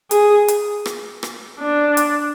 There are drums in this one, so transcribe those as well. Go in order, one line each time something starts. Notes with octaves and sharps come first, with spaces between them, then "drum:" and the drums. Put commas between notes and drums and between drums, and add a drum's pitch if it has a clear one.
G#4, drum: hi-hat
drum: hi-hat
drum: rim click
drum: rim click
D4
drum: hi-hat